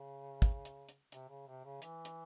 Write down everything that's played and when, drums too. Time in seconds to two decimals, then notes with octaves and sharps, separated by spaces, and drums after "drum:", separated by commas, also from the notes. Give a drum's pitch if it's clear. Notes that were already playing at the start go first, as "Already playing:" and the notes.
Already playing: C#3
0.42 drum: kick, hi-hat
0.65 drum: hi-hat
0.89 drum: hi-hat
1.12 C3, drum: hi-hat
1.29 C#3
1.47 C3
1.64 C#3
1.82 E3, drum: hi-hat
2.05 drum: hi-hat